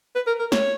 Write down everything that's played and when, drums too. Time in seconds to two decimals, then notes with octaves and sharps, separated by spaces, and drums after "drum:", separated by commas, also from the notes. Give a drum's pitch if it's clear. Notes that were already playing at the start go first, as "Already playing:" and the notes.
0.16 B4
0.27 A#4
0.40 A#4
0.52 C#5, drum: snare